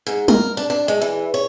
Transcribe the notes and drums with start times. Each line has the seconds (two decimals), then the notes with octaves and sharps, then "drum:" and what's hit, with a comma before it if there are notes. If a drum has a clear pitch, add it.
0.07 G#2
0.28 A#4, drum: tom G3
0.57 D4
0.70 D4
0.88 G#3
1.02 E3
1.34 C#5